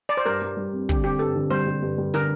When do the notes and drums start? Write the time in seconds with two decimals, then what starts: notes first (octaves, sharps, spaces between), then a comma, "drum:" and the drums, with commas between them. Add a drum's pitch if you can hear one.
0.09 D5
0.17 C5
0.26 G2 A#4
0.42 G3
0.57 G3
0.74 C4
0.89 D3 G4, drum: kick
1.04 C4 G4
1.19 G2 A4
1.36 D3
1.51 G3 C5
1.67 G3
1.83 G2
1.98 G3
2.14 D3 A#4, drum: snare